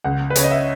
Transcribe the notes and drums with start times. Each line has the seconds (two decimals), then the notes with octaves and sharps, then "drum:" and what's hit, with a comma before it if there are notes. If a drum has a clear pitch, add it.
0.04 C#2 F#5
0.30 B4
0.36 C#3 C#5, drum: hi-hat
0.44 D#5
0.51 E5